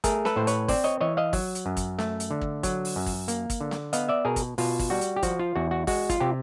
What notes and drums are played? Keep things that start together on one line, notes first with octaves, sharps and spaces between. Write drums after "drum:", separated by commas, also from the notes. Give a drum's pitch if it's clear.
A3 G#4 A#4, drum: kick, hi-hat
A4 B4, drum: snare
A2 C5
B4 C#5, drum: hi-hat
C4 C5 D5, drum: kick, open hi-hat
C#5 D#5
E3 C#5 D#5
D#5 F5
F#3, drum: kick, open hi-hat
drum: hi-hat
F#2
drum: kick, hi-hat
A3, drum: snare
drum: hi-hat
D3
drum: kick
F#3, drum: kick, hi-hat
drum: open hi-hat
F#2
drum: kick, open hi-hat
A#3, drum: hi-hat
drum: kick, hi-hat
D3
drum: snare
B3 D#5 F5, drum: hi-hat
D5 E5
B2 G#4 A#4
drum: kick, hi-hat
B2 F4, drum: open hi-hat
drum: kick, open hi-hat
G3 F#4
drum: hi-hat
G4
F3 F#4, drum: kick, hi-hat
F4
E2 F#4
F#4
G#3 F#4, drum: kick, open hi-hat
F4, drum: kick, hi-hat
C3 G4